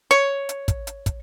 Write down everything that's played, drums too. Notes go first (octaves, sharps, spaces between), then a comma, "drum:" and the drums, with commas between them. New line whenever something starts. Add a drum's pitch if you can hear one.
C#5, drum: hi-hat
drum: hi-hat
drum: kick, hi-hat
drum: hi-hat
drum: kick, hi-hat